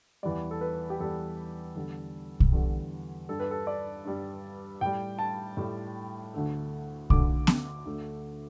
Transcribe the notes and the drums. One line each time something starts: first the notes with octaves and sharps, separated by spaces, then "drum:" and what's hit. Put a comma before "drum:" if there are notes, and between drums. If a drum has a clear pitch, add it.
E2 E3 G3 D5
A4
B4
G4
E2 E3 G3 A4
E2 D3 G3
drum: kick
E2 D3 G3
G2 G3 A4
B4
A4
D5
G2 G3
A2 G3 G5
A5
A2 G3
D2 D3 A3
D2 D3 A3 D6, drum: kick
drum: snare B3
D2 D3 A3